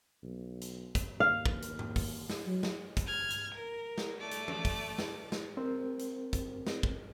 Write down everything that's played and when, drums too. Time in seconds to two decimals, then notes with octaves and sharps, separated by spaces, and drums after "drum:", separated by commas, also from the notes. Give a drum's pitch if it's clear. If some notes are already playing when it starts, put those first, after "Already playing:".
0.23 B1
0.61 drum: hi-hat
0.95 drum: kick, hi-hat
1.20 D#2 F5
1.46 drum: kick
1.62 drum: hi-hat
1.79 drum: tom G#2
1.96 drum: kick, open hi-hat
2.30 drum: snare
2.46 F#3
2.63 drum: snare
2.97 drum: kick, hi-hat
3.06 F6 G#6
3.30 drum: hi-hat
3.55 A#4
3.98 drum: snare
4.19 A3 D5
4.31 drum: hi-hat
4.48 drum: tom E3
4.65 drum: kick, open hi-hat
4.98 drum: snare
5.32 drum: snare
5.57 C4 A#4 C5
5.99 drum: hi-hat
6.33 drum: kick, hi-hat
6.67 drum: snare
6.83 drum: kick